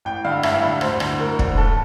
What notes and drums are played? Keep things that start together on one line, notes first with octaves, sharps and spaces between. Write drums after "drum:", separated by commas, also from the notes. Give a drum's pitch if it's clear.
A1 G5
G2 D3 F5
A1 E5, drum: rim click
G2 D3
D2 C5, drum: rim click
D3, drum: rim click
D2 A#4
D3, drum: kick
G1 A4